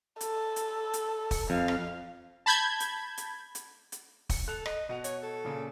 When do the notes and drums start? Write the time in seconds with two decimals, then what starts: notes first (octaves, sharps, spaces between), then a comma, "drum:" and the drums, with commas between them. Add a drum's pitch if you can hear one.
0.21 A4, drum: hi-hat
0.56 drum: hi-hat
0.93 drum: hi-hat
1.31 drum: kick, open hi-hat
1.50 F2 F5
1.68 drum: rim click
2.46 A5 B5 G6 G#6
2.80 drum: hi-hat
3.17 drum: hi-hat
3.55 drum: hi-hat
3.92 drum: hi-hat
4.29 drum: kick, open hi-hat
4.48 A4 F#6 F7
4.66 D#5, drum: rim click
4.89 B2 D#5 F#5 F7
5.04 C#5, drum: hi-hat
5.22 A4
5.45 A#2 C#3